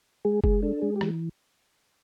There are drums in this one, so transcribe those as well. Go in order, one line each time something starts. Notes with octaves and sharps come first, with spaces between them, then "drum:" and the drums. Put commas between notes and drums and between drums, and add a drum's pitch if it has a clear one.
G#3 G#4
G#3 G#4, drum: kick
D4 A4
G#3 G#4
G4
E3, drum: rim click